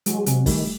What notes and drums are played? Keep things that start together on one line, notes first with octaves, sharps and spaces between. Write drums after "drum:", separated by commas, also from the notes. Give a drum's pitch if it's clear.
E3 F#3 G#3, drum: hi-hat
C3 F#3 G#3, drum: hi-hat
D#3 G3 A3, drum: kick, open hi-hat